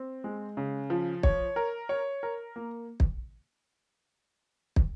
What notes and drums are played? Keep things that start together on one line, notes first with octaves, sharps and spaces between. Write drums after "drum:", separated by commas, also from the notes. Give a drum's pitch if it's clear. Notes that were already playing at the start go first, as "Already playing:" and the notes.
Already playing: C4
G#3
C#3
F3
C#5, drum: kick
A#4
C#5
A#4
A#3
drum: kick
drum: kick